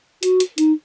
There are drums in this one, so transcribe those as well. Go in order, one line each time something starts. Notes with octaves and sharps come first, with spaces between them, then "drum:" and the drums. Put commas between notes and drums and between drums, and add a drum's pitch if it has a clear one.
F#4, drum: hi-hat
drum: hi-hat
D#4, drum: hi-hat